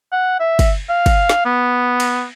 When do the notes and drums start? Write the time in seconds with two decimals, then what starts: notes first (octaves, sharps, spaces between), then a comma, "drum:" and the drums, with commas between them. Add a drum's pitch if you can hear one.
0.12 F#5
0.40 E5
0.59 drum: kick, cymbal
0.89 F5
1.06 drum: kick, cymbal
1.29 drum: snare
1.45 B3
2.00 drum: cymbal